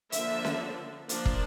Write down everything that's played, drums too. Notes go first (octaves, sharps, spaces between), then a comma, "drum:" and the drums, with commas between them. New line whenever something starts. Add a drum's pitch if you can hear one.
D3 F3 A#3 D4 E5, drum: hi-hat
drum: snare C#4
F3 A#3 D4, drum: hi-hat
drum: kick